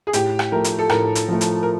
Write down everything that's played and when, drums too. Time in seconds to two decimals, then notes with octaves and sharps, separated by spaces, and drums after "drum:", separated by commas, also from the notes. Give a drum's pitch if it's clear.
0.07 G#4
0.13 A2 G4, drum: hi-hat
0.39 drum: rim click
0.52 F3 A3 A#4
0.64 drum: hi-hat
0.79 A4
0.89 A2 A#4, drum: rim click
1.15 drum: hi-hat
1.28 F3 A3
1.41 drum: hi-hat
1.63 A#4